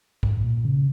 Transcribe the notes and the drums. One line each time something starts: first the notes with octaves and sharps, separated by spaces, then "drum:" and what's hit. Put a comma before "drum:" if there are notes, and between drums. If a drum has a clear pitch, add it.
G#2, drum: kick
G#2
A#2
C#3